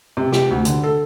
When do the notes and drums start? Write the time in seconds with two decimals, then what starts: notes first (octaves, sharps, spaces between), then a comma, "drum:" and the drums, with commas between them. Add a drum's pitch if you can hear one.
0.17 C3
0.32 G4, drum: snare
0.50 D2
0.65 D3, drum: hi-hat
0.84 A4